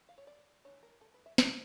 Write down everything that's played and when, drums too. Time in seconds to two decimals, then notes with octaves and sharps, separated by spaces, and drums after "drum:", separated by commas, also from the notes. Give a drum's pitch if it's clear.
0.09 F5
0.18 C#5
0.27 D5
0.65 E3 A3 D4 C#5
0.83 A#4
1.01 A4
1.14 B4
1.26 E5
1.38 F3 A#3, drum: snare